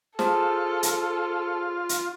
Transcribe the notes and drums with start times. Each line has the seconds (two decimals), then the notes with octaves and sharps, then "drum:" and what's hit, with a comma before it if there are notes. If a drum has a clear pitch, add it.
0.19 F4 G#4 A4 C5 A5, drum: snare
0.83 drum: hi-hat
1.89 drum: hi-hat